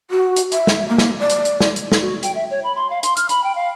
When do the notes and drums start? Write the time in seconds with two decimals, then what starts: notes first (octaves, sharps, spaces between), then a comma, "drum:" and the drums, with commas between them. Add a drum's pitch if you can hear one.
0.11 F#4
0.36 drum: hi-hat
0.52 E5, drum: hi-hat
0.67 drum: snare
0.89 A#3
0.98 drum: snare
1.20 D5
1.29 drum: hi-hat
1.45 drum: hi-hat
1.61 drum: snare
1.76 drum: hi-hat
1.92 drum: snare
2.01 F#4
2.23 G5, drum: hi-hat
2.35 E5
2.50 C#5
2.64 B5
2.76 C6
2.90 F5
3.03 C6, drum: hi-hat
3.17 F6, drum: hi-hat
3.29 B5, drum: hi-hat
3.44 G5
3.55 F5